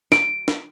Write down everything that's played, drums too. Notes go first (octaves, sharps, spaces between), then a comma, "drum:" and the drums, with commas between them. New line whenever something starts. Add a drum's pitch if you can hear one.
D7, drum: snare
drum: snare